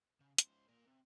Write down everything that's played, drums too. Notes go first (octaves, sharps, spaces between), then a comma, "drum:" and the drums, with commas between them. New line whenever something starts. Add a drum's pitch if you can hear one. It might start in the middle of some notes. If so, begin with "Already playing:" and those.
C#3
C#2 C5, drum: hi-hat
A#2 A#4
C3